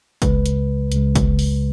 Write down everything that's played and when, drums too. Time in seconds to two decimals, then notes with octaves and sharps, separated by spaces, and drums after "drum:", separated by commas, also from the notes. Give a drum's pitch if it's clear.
0.22 C#2 C#3 G#3 B4, drum: kick, hi-hat
0.46 drum: hi-hat
0.92 C#2 C#3 G#3, drum: hi-hat
1.15 drum: kick, hi-hat
1.39 drum: open hi-hat